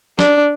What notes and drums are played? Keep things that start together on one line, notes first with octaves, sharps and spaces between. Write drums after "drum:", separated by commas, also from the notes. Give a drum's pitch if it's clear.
D4, drum: snare